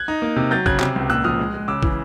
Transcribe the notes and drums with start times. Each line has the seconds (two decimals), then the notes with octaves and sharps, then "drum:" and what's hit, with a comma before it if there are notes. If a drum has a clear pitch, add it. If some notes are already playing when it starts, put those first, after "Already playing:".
Already playing: F#6 G#6
0.08 D#4
0.22 A#3
0.36 C3
0.51 F#3 G6 A6
0.66 C#3 F#6 G#6, drum: kick
0.80 C3, drum: clap
0.96 C#2
1.09 A#2 E6 F#6
1.24 F3 D#6 F6
1.39 G#3
1.54 G#3
1.68 C#3 D6 E6
1.83 E3, drum: kick